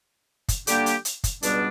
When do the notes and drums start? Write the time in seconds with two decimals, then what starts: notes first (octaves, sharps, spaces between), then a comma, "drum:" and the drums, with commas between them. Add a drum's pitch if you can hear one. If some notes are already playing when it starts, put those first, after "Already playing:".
0.49 drum: kick, hi-hat
0.67 D3 G3 A#3 D4 G4, drum: hi-hat
0.86 drum: hi-hat
1.05 drum: hi-hat
1.24 drum: kick, hi-hat
1.43 C#2 B2 G3 B3 D4, drum: hi-hat